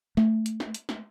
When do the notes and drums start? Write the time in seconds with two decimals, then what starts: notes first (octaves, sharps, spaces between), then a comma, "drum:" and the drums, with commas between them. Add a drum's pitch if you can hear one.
0.17 A3, drum: snare
0.46 drum: hi-hat
0.60 drum: snare
0.74 drum: hi-hat
0.89 drum: snare